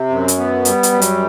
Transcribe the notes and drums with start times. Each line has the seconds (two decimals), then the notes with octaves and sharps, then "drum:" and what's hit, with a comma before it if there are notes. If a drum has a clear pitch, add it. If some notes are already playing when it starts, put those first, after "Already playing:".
Already playing: C3
0.10 F#2
0.28 drum: hi-hat
0.38 B3
0.65 G3, drum: hi-hat
0.83 drum: hi-hat
0.92 F#2
1.02 drum: hi-hat